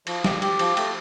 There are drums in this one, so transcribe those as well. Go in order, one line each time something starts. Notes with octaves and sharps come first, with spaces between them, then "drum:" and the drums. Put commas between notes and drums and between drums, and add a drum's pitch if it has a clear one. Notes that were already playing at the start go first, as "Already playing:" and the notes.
F3, drum: cymbal
G4, drum: snare
G4, drum: cymbal
F3, drum: cymbal
A3, drum: cymbal